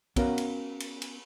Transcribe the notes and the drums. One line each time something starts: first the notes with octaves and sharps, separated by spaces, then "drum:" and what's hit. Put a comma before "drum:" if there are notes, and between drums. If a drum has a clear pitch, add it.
B3 C#4 F#4 A#4 F5, drum: kick, cymbal
drum: cymbal
drum: cymbal
drum: cymbal